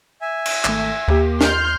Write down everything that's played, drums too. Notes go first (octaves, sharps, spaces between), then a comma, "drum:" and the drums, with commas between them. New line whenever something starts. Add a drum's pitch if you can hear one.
E5 G#5
drum: cymbal
G#1 A3, drum: clap
D#2 A#3 G4
F4 C6 F6 G6, drum: snare